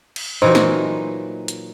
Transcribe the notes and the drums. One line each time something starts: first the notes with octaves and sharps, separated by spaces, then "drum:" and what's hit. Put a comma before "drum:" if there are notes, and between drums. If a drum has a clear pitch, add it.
drum: cymbal
A#2 E3 F#3 D#4 C5
drum: snare
drum: hi-hat